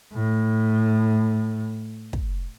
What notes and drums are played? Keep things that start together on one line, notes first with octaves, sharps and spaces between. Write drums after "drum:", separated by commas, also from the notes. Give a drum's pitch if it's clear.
A2
drum: kick